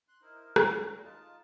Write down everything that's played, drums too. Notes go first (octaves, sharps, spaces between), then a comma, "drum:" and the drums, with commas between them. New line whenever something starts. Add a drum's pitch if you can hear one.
C6 F#6
D#4 E4 A#4 C5
drum: rim click
F2 D3 C#4 A#5
E2 A#2 E3
D#4 F4 A5